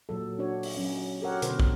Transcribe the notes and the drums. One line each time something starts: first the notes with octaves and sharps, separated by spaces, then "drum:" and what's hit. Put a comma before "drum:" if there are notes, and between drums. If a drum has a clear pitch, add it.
A#2 F#3 A4
D4 F#4 C#5
drum: open hi-hat
F#3 C#4
F#4 G4 A4 A#4 C#5 F#5
B2 D3 A#4 C5, drum: hi-hat
drum: kick